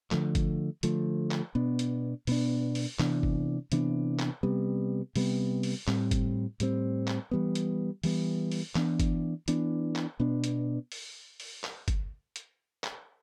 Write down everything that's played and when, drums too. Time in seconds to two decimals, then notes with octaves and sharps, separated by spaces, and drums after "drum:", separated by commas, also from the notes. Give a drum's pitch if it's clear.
0.11 D3 F3 A3, drum: clap
0.35 drum: kick, hi-hat
0.83 D3 F3 A3, drum: hi-hat
1.31 drum: clap
1.55 B2 B3 D4
1.79 drum: hi-hat
2.27 B2 B3 D4, drum: open hi-hat
2.75 drum: open hi-hat
2.99 C3 E3 B3 D4, drum: clap
3.23 drum: kick
3.72 C3 E3 B3 D4, drum: hi-hat
4.19 drum: clap
4.43 C3 G3 B3
5.16 C3 G3 B3, drum: open hi-hat
5.63 drum: open hi-hat
5.87 A2 G3 C4, drum: clap
6.11 drum: kick, hi-hat
6.60 A2 G3 C4, drum: hi-hat
7.07 drum: clap
7.31 E3 G3 B3
7.55 drum: hi-hat
8.03 E3 G3 B3, drum: open hi-hat
8.52 drum: open hi-hat
8.75 E3 B3 D4, drum: clap
9.00 drum: kick, hi-hat
9.48 E3 B3 D4, drum: hi-hat
9.96 drum: clap
10.20 B2 B3 D4
10.44 drum: hi-hat
10.92 drum: open hi-hat
11.40 drum: open hi-hat
11.64 drum: clap
11.88 drum: kick, hi-hat
12.36 drum: hi-hat
12.84 drum: clap